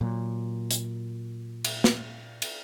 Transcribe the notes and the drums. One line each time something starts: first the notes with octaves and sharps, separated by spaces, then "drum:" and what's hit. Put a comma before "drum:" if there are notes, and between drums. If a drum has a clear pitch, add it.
A#2 F#3
drum: hi-hat
drum: cymbal
drum: snare
drum: cymbal